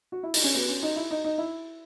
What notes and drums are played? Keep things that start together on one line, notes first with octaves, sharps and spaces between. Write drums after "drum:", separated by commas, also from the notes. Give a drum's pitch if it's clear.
F#4
E4
D#4, drum: open hi-hat
C#4
B3
C#4
D#4
E4
D#4
D#4
E4